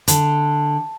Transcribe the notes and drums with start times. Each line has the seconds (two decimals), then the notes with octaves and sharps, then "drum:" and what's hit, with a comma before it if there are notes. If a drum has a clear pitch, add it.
0.08 D3, drum: hi-hat